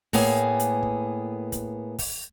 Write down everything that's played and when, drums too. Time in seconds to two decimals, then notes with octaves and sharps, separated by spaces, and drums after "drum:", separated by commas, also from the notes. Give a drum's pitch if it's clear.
0.13 A2 A#3 B3 G#4 G#5, drum: kick, open hi-hat
0.60 drum: hi-hat
0.83 drum: kick
1.52 drum: kick, hi-hat
1.99 drum: kick, open hi-hat